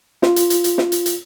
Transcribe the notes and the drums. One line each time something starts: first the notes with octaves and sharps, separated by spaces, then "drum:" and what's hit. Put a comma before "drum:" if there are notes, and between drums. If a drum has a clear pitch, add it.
F4, drum: snare
drum: hi-hat
drum: hi-hat
drum: hi-hat
drum: snare
drum: hi-hat
drum: hi-hat